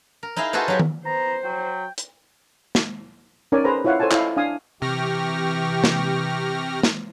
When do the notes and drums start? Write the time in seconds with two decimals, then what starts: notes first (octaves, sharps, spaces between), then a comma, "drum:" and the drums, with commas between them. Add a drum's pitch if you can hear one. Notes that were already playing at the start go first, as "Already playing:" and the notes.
0.23 A#4
0.36 D#4 E4 G#4 D#5 F5
0.53 F4 F#4 G#4 A4 B4 C5
0.68 F#3 G4 G#5
0.79 drum: tom D#3
1.06 B3 C5 A#5
1.44 F#3 G5
1.98 drum: hi-hat
2.75 drum: snare
3.52 C#4 D#4 A#4 C#5 D5 G#5
3.64 G#4 B4 C5 A#5
3.85 E4 F4 C#5 F5 F#5
4.00 A4 C5 C#5 G#5 A5
4.11 E4 D#5 F5, drum: clap
4.37 D4 F5 G#5 D#6
4.82 C3 E3 G4 G5 C#6 F6 A#6
5.84 drum: snare
6.83 drum: snare